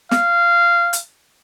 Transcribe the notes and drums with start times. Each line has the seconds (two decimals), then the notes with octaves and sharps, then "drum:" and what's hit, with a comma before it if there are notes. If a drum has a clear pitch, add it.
0.11 F5, drum: snare
0.93 drum: hi-hat